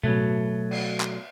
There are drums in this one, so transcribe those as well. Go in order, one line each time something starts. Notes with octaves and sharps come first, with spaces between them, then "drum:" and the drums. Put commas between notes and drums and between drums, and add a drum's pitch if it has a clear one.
B2 F#3 A3, drum: tom B2
drum: cymbal
drum: clap